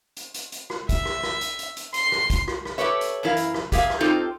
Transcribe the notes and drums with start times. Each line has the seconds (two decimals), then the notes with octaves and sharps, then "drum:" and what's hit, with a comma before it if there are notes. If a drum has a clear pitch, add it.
0.17 drum: hi-hat
0.34 drum: hi-hat
0.52 drum: hi-hat
0.70 drum: rim click
0.89 E5, drum: kick, hi-hat
1.05 drum: rim click
1.23 drum: rim click
1.41 drum: hi-hat
1.59 drum: hi-hat
1.77 drum: hi-hat
1.94 C6, drum: hi-hat
2.12 drum: rim click
2.30 drum: kick, hi-hat
2.48 drum: rim click
2.65 drum: rim click
2.78 G4 A4 B4 C#5 E5
3.01 drum: hi-hat
3.23 F#2 E3 E4 A#4 F5
3.37 drum: hi-hat
3.54 drum: rim click
3.72 G4 G#4 A#4 E5 F5, drum: kick, hi-hat
3.90 drum: rim click
4.00 C4 D#4 F4 G4 A4 C5